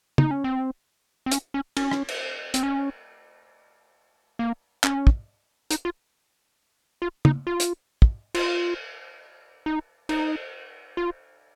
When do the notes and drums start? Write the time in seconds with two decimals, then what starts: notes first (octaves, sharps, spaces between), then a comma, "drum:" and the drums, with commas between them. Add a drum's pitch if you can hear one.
0.18 D#4, drum: tom
0.31 C#4
0.44 C4
1.26 C4
1.32 C#4, drum: hi-hat
1.54 C#4
1.77 C#4, drum: cymbal
1.91 drum: rim click
2.08 drum: cymbal
2.54 C4, drum: hi-hat
2.63 C#4
4.39 A#3
4.84 C#4, drum: clap
5.07 drum: kick
5.71 D#4, drum: hi-hat
5.85 F4
7.02 F4
7.25 D#4, drum: tom
7.47 F4
7.60 drum: hi-hat
8.02 drum: kick
8.35 F4, drum: cymbal
9.66 D#4
10.09 D#4, drum: cymbal
10.97 F4